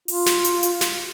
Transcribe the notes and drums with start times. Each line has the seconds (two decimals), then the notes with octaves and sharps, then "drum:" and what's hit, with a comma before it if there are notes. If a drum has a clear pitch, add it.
0.08 F4, drum: open hi-hat
0.26 drum: snare
0.45 drum: hi-hat
0.63 drum: hi-hat
0.81 drum: snare